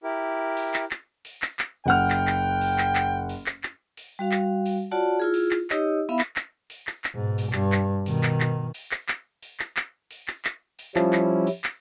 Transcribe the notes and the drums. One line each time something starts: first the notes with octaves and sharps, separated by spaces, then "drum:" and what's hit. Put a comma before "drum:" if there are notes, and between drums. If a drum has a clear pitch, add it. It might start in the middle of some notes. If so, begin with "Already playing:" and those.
E4 G4 A#4
drum: open hi-hat
drum: clap
drum: clap
drum: open hi-hat
drum: clap
drum: clap
F#1 F#5 G5 F6
drum: clap
drum: clap
drum: open hi-hat
drum: clap
drum: clap
drum: open hi-hat
drum: clap
drum: clap
drum: open hi-hat
G3 F#4 F5
drum: clap
drum: open hi-hat
F4 F#4 C#5 D5 F#5 A5
E4 F4 G#4
drum: open hi-hat
drum: clap
D#4 G4 C#5 D#5 E6, drum: clap
B3 E4 E5 F5 B5
drum: clap
drum: clap
drum: open hi-hat
drum: clap
drum: clap
G#2 B2
drum: open hi-hat
G2, drum: clap
drum: clap
B2 D#3, drum: open hi-hat
drum: clap
drum: clap
drum: open hi-hat
drum: clap
drum: clap
drum: open hi-hat
drum: clap
drum: clap
drum: open hi-hat
drum: clap
drum: clap
drum: open hi-hat
F3 G3 C#4 E4, drum: clap
drum: clap
drum: open hi-hat
drum: clap